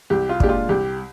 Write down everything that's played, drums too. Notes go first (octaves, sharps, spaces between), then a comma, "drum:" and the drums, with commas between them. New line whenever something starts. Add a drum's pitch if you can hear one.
C2 G4
F4
A#2 G#3 D4 G4, drum: kick
F4
C2 G4